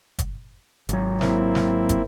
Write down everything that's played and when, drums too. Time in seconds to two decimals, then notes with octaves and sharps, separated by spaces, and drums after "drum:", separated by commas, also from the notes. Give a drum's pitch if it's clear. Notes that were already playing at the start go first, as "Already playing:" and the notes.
0.19 drum: kick, hi-hat
0.89 G#1 F#3, drum: hi-hat
1.21 A#3 C4 E4, drum: snare
1.55 drum: snare
1.89 drum: kick, hi-hat